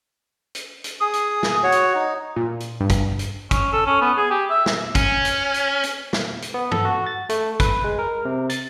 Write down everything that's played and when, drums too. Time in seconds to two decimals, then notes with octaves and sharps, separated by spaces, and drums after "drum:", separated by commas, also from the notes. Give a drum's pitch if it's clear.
0.55 drum: hi-hat
0.84 drum: hi-hat
1.01 G#4 D#6
1.13 drum: hi-hat
1.43 drum: snare
1.63 F#4 C#5
1.72 drum: hi-hat
1.95 D#4
2.36 A#2
2.60 drum: hi-hat
2.81 G2
2.90 drum: kick, hi-hat
3.19 drum: hi-hat
3.51 C#4, drum: kick, hi-hat
3.73 A4
3.87 C#4
4.01 B3
4.17 G#4
4.31 G4
4.50 E5
4.66 drum: snare
4.95 C#4, drum: kick, hi-hat
5.25 drum: hi-hat
5.54 drum: hi-hat
5.84 drum: hi-hat
6.13 drum: snare
6.42 drum: hi-hat
6.54 B3
6.72 A4, drum: tom G2
6.85 F#4
7.06 A6
7.29 A3, drum: hi-hat
7.60 B4, drum: kick, hi-hat
7.84 G#3
7.99 A#4
8.25 C3
8.50 A6, drum: hi-hat